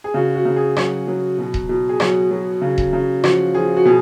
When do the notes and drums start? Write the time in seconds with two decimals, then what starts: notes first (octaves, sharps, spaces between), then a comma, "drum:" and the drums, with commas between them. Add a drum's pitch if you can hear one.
0.04 G#4
0.14 C#3 F#4
0.36 F#4
0.45 C#3
0.56 G#4
0.76 F#3 F#4, drum: rim click
1.08 F#3
1.39 B2
1.54 drum: kick D#1
1.69 B2
1.89 G#4
2.00 F#3 F#4, drum: rim click
2.31 F#3
2.62 C#3
2.78 drum: kick D#1
2.93 C#3
3.24 F3 F#4, drum: rim click
3.55 F3 G#4
3.77 F#4
3.85 B2 G#4